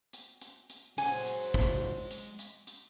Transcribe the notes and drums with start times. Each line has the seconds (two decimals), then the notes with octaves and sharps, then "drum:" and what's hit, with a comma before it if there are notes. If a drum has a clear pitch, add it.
0.13 drum: hi-hat
0.42 drum: hi-hat
0.70 drum: hi-hat
0.98 F#3 G#3 C5 F#5 G#5, drum: hi-hat
1.26 drum: hi-hat
1.54 drum: kick
2.11 drum: hi-hat
2.39 drum: hi-hat
2.67 drum: hi-hat